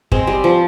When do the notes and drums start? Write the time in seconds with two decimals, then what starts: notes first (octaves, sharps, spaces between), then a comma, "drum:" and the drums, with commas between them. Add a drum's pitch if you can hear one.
0.12 G#3 C4, drum: kick
0.27 G3
0.44 F3